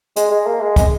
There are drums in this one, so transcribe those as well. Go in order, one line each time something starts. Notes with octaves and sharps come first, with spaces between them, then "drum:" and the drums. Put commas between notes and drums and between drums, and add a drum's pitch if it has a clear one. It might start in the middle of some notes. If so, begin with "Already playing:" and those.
G#3, drum: hi-hat
G#3
A#3
G#3
G#3, drum: kick, hi-hat